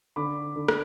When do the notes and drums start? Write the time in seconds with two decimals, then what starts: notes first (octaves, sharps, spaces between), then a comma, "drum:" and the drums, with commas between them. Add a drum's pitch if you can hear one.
0.16 D3 B5 D6
0.56 D3
0.68 drum: rim click